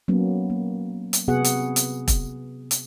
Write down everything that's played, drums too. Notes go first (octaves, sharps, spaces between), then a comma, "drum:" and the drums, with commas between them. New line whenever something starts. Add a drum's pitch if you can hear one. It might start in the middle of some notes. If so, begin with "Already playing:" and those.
F#3 A#3 B3 C#4
A#3
drum: hi-hat
C3 B3 F#4 G#4 F#5
drum: hi-hat
drum: hi-hat
drum: kick E1, hi-hat
drum: hi-hat